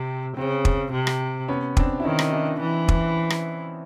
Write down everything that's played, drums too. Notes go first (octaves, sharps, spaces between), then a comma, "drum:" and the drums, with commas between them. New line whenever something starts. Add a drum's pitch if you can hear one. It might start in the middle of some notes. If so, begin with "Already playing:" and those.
Already playing: C3 C4
C#3 C4
drum: kick
C3
drum: rim click
B3 C#4
C4 D4, drum: kick
E4
D#3 C#4 D#4
drum: rim click
D4 E4
E3
drum: kick
drum: rim click